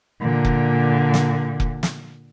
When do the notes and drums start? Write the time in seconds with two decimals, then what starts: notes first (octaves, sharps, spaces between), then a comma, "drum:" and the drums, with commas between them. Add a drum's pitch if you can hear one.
0.22 A#2 D3
0.45 drum: kick F1
1.14 drum: snare
1.60 drum: kick F1
1.83 drum: snare